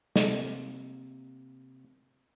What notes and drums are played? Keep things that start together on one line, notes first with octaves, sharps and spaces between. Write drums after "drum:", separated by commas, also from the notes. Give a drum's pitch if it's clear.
C3 A#3, drum: snare